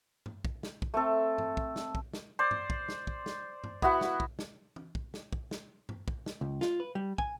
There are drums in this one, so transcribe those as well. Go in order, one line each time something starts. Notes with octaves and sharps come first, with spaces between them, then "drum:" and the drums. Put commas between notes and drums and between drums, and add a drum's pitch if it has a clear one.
drum: tom G2
drum: kick
drum: snare
drum: kick
A3 C4 A4
drum: tom G2
drum: kick
drum: snare
drum: kick
drum: snare
C5 D5
drum: tom G2
drum: kick
drum: snare
drum: kick
drum: snare
drum: tom G2
B3 E4 F#4 F#5, drum: kick
drum: snare
drum: kick
drum: snare
drum: tom
drum: kick
drum: snare
drum: kick
drum: snare
drum: tom G2
drum: kick
drum: snare
C#2
F4, drum: snare
B4
G3
G#5, drum: kick